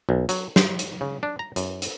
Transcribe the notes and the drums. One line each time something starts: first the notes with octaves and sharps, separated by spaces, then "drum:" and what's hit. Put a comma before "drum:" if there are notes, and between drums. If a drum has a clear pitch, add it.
B1
F#3, drum: hi-hat
C5, drum: snare
drum: hi-hat
C#3
D4
A#5
F#2, drum: hi-hat
drum: hi-hat